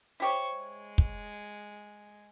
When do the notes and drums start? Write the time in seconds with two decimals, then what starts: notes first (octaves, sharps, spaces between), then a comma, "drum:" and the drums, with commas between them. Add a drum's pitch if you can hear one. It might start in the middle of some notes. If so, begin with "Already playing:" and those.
0.20 E4 G4 C5 C#5 C#6
0.57 G#3
0.98 drum: kick